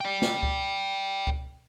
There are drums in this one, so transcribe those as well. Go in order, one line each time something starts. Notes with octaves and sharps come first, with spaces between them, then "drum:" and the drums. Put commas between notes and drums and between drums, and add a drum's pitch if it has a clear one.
D5 G5
drum: snare
drum: kick C#2
drum: kick C#2